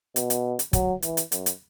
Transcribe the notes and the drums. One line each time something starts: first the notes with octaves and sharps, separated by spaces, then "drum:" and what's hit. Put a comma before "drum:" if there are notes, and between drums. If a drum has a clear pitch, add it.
B2, drum: hi-hat
drum: hi-hat
drum: hi-hat
F#3, drum: kick, hi-hat
E3, drum: hi-hat
drum: hi-hat
F#2, drum: hi-hat
drum: hi-hat